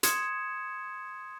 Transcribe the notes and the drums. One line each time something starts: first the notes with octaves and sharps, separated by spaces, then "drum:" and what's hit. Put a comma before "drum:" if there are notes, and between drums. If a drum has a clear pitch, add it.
C6 D#6 G#6 C#7 E7, drum: hi-hat